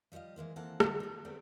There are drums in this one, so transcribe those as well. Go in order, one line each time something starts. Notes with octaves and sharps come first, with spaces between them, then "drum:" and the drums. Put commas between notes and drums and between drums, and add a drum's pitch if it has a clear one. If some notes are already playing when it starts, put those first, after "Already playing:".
F3 G3 C5 D#5 F5
E3 G#3 A#3 C5
E3 A#3 C4 A4 F#5 A5
D3 A3 E4 F#4 G4, drum: rim click
A3 A4
A3 B3 C4 D5